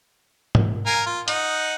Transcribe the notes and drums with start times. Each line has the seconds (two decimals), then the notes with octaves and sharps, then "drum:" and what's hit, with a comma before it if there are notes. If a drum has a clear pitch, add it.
0.55 drum: tom G#2
0.86 A#4 F5 G#5
1.06 F4
1.28 D#4 D#5 F#5, drum: hi-hat